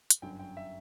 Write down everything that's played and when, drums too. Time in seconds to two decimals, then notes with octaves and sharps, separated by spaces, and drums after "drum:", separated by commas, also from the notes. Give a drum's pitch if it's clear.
0.10 drum: hi-hat
0.22 G1 F#2 D3 F#3 G5
0.39 G5
0.57 E5